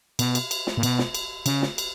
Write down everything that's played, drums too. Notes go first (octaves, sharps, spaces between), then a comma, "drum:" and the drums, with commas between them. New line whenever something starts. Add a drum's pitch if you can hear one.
B2, drum: cymbal
drum: cymbal
drum: cymbal
drum: snare
A#2
B2, drum: cymbal
drum: snare
drum: cymbal
C#3, drum: cymbal
drum: snare
drum: cymbal